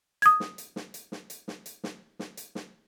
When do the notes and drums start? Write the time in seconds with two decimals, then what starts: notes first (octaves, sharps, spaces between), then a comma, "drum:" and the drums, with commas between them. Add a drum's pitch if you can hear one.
0.22 D#6 G#6, drum: hi-hat
0.40 drum: snare
0.58 drum: hi-hat
0.76 drum: snare
0.94 drum: hi-hat
1.12 drum: snare
1.30 drum: hi-hat
1.48 drum: snare
1.66 drum: hi-hat
1.84 drum: snare
2.19 drum: snare
2.37 drum: hi-hat
2.55 drum: snare